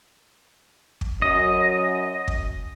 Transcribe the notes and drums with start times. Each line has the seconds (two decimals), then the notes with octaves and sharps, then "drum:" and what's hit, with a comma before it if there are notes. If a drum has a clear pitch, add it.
1.01 drum: kick
1.22 F#2 D#5
2.28 drum: kick